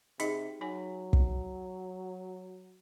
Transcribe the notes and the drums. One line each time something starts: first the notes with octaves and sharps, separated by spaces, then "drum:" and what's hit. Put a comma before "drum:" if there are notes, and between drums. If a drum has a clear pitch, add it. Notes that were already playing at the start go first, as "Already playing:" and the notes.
C3 D#4 G#4 D#5, drum: hi-hat
F#3 D#4 C#5 G#5
drum: kick